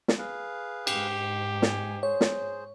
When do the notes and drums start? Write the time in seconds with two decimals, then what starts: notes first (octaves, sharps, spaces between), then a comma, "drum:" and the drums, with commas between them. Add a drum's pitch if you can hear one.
0.08 drum: snare
0.18 G#4 B4 F5
0.87 G#2 G4, drum: cymbal
1.62 G#5, drum: snare
2.03 G#4 C5 C#5
2.21 drum: snare